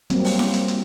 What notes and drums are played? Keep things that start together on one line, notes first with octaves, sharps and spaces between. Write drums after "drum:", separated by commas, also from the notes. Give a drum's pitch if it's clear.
F#3 G3 A#3 C4, drum: hi-hat
drum: open hi-hat
drum: snare E4
drum: hi-hat
drum: hi-hat